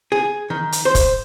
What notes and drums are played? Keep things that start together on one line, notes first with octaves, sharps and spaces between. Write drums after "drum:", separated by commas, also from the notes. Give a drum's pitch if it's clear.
G#4
D#3
drum: hi-hat
C5
drum: kick, hi-hat